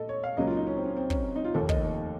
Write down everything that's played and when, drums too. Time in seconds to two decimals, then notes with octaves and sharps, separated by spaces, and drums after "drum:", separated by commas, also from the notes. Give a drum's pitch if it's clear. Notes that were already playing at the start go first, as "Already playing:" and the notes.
Already playing: A#2 A4 D#5
0.09 C#5
0.24 F5
0.37 C#2 C#3 F#3 A#3 D#5
0.47 F4
0.57 D#4
0.67 C#4
0.77 C4
0.86 C#4
0.97 C4
1.10 C#4, drum: kick
1.36 D#4
1.45 F4
1.54 F1 D#2 D#3 A#3 A4
1.69 D#5, drum: kick